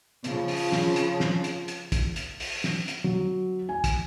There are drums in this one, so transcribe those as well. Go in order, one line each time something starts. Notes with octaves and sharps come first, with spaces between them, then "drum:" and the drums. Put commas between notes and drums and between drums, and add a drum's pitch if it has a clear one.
C#3 F3, drum: hi-hat
drum: open hi-hat
drum: snare
drum: hi-hat
drum: snare
drum: hi-hat
drum: hi-hat
drum: kick, hi-hat
drum: hi-hat
drum: open hi-hat
drum: snare
drum: hi-hat
F#3
G#5
drum: kick, hi-hat